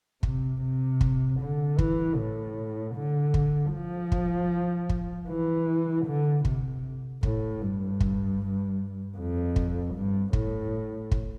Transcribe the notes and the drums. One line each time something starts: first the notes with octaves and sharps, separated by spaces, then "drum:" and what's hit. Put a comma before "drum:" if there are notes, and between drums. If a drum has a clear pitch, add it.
C3, drum: kick
C3
drum: kick
D3
E3, drum: kick
A2
D3
drum: kick
F3
drum: kick
drum: kick
E3
D3
C3, drum: kick
A2, drum: kick
G2
drum: kick
F2
drum: kick
G2
A2, drum: kick
drum: kick